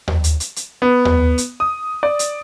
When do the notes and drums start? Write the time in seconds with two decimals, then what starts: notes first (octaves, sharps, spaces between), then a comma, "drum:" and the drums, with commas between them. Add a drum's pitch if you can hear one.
0.08 drum: tom D#2
0.24 drum: hi-hat
0.40 drum: hi-hat
0.56 drum: hi-hat
0.82 B3
1.05 drum: tom D#2
1.38 drum: hi-hat
1.60 D#6
2.03 D5
2.19 drum: hi-hat